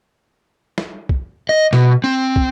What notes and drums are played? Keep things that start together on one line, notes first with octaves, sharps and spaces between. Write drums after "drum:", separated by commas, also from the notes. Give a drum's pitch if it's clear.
drum: snare
drum: kick
D#5
B2, drum: snare
C4
drum: kick